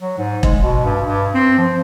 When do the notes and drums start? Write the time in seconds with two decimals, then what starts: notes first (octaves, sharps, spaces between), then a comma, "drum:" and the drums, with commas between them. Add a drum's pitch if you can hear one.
0.01 F#3
0.18 G#2
0.43 G#3, drum: kick E1
0.63 B2
0.85 G2
1.06 G2
1.34 C4
1.58 F3